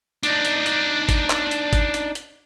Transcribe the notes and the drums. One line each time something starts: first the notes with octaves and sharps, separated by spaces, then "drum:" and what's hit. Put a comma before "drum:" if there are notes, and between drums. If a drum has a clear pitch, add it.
D4 D#4, drum: hi-hat
drum: hi-hat
drum: hi-hat
drum: kick G1, hi-hat
drum: clap
drum: hi-hat
drum: kick G1, hi-hat
drum: hi-hat
drum: hi-hat